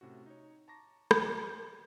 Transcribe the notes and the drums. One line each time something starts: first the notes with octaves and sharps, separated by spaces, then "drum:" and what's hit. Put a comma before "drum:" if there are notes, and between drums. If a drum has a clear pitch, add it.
A2 C3 C#4 F#4
D#4 C#5
A5 A#5 C#6 D6 A#6
drum: rim click
F6 G6